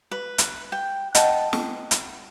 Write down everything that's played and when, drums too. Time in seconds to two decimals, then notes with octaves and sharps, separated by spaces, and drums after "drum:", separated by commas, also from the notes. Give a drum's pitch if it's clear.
0.11 B4
0.38 drum: hi-hat
0.72 G5
1.15 D#5 F#5 G5 A5, drum: hi-hat
1.53 drum: snare
1.91 drum: hi-hat